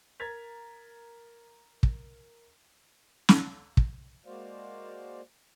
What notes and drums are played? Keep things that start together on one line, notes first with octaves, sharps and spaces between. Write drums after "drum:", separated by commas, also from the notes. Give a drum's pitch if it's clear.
A#4 A#5 G#6 A6 B6 F7
drum: kick
drum: snare
drum: kick
G#3 A#3 F#4 C5 D5 F5